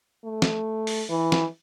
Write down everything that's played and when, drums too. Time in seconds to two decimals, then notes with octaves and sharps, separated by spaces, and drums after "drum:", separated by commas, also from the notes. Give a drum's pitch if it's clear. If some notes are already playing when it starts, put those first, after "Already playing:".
0.25 A3
0.42 drum: snare
0.87 drum: open hi-hat
1.10 E3
1.32 drum: snare